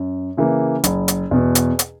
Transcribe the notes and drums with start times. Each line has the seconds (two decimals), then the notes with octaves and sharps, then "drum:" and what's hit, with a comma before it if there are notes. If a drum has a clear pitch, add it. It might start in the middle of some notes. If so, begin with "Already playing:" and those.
Already playing: F#2
0.37 C#3 E3 A#3
0.84 F#1, drum: hi-hat
1.08 drum: hi-hat
1.31 E2 B2
1.55 drum: hi-hat
1.79 drum: hi-hat